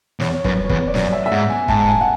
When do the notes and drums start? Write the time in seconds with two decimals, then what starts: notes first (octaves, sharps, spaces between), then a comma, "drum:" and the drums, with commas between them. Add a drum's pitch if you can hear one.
0.20 E2 C#5, drum: snare
0.33 C#5
0.44 F#2 B4, drum: kick
0.64 C#5
0.69 E2 B4, drum: kick
0.87 D5
0.94 F#2 C#5, drum: snare
1.13 E5
1.26 E5
1.32 G#2 F#5
1.50 G#5
1.68 G#2 A5, drum: kick
1.88 G#5
2.01 F#5